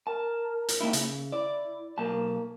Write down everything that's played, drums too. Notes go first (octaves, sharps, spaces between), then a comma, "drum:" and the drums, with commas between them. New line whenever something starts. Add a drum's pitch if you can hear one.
A#4 A5
drum: hi-hat
A#3 D#4 E4
C#3, drum: hi-hat
E4 D5
B1 A#3 A5